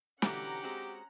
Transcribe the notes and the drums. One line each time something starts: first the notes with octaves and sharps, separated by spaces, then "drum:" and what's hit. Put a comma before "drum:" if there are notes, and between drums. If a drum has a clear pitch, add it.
B2 D3 E3 C#4 G4 F#5 A#5, drum: snare
G#3 C4 F#4